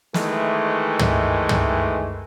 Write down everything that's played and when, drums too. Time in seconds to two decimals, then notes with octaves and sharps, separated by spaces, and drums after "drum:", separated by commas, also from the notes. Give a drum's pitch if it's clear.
0.14 D#3 E3 G#3 A3, drum: snare
0.99 drum: tom
1.49 drum: tom